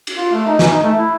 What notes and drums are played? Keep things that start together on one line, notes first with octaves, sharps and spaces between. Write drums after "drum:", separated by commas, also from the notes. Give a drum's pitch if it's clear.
drum: cymbal
F4
A3
D#4
E3, drum: snare
D#4
A3
E4